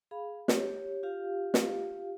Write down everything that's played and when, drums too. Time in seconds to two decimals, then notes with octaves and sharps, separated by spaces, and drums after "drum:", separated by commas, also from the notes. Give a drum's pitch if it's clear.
0.11 G#4 F5 B5
0.48 G4 C#5, drum: snare
1.03 F4 G4 F5
1.54 drum: snare